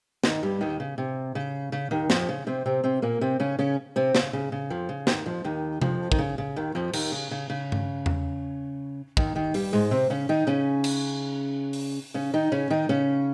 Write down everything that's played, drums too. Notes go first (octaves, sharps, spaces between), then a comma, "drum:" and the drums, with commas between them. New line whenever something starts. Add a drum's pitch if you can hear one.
D#2 D#3, drum: snare
G2 G3
D#2 D#3
C#3
C3
C#3
C#3
D#2 D#3
F2 F3, drum: snare
C#3
C3 C4
C3 C4
C3 C4
A#2 A#3
C3 C4
C#3 C#4
C#3 C#4
C3 C4
C#3, drum: snare
C#3
C#3
F2 F3
C#3
D#2 D#3, drum: snare
F2 F3
D#2 D#3
F2 F3, drum: tom C3
D#3, drum: kick
C#3
C#3
D#2 D#3
F2 F3
D#2 D#3, drum: cymbal
C#3
C#3
C#3
drum: tom G2
drum: tom E2
D#2 D#3, drum: kick
D#2 D#3
G2 G3, drum: open hi-hat
G#2 G#3
C3 C4
C#3 C#4
D#3 D#4
C#3 C#4
drum: cymbal
drum: open hi-hat
C#3 C#4
D#3 D#4
C#3 C#4
D#3 D#4
C#3 C#4